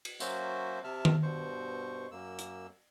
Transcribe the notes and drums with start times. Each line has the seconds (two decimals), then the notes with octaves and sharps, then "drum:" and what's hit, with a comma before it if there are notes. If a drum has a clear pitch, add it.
0.05 drum: cymbal
0.20 F#3 A#3 C#4 F#4 C5 E5, drum: tambourine
0.84 C3 E5 A5 F6
1.05 drum: tom D#3
1.23 G2 B2 C5 C#6
2.12 F#2 A#3 E6
2.39 drum: hi-hat